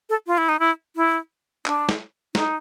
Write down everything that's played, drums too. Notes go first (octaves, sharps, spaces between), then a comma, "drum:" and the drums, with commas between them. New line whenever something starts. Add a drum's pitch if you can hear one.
A4
F4
E4
D#4
E4
E4
D4, drum: clap
drum: snare
D#4, drum: snare